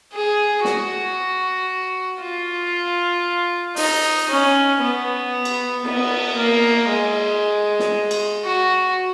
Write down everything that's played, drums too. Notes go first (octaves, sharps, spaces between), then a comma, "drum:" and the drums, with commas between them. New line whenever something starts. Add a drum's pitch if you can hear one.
G#4
F#4, drum: snare
F4
D#4, drum: open hi-hat
C#4
B3
drum: cymbal
B3, drum: cymbal
A#3
G#3
drum: snare
drum: cymbal
F#4